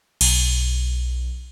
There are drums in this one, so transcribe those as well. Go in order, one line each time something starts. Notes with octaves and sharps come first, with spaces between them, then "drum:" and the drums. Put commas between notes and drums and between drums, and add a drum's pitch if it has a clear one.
B1, drum: cymbal